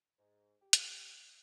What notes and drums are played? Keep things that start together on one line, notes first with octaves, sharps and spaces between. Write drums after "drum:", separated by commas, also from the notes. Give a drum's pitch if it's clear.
G#2
G4
drum: hi-hat